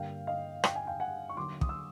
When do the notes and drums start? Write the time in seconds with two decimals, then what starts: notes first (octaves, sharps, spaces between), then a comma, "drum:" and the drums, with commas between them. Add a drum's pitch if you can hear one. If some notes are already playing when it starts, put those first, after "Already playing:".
Already playing: G2 D3 G3 A#3 D4 F5 G5
0.27 D#5 F5
0.64 G5, drum: rim click
0.76 G#5
0.87 F5 G5
1.00 F#5 G#5
1.29 C#6
1.37 D3 F#3 A#3 C6 D6
1.61 D#6, drum: kick
1.69 E6